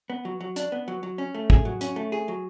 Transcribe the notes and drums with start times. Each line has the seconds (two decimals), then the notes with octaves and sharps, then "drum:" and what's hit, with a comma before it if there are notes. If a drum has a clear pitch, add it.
0.10 B3
0.25 F#3
0.41 F#3
0.56 D4, drum: hi-hat
0.72 B3
0.88 F#3
1.03 F#3
1.18 C#4
1.35 A3
1.50 G#4, drum: kick
1.65 F#3
1.81 C#4, drum: hi-hat
1.96 A3
2.12 G#4
2.28 F#3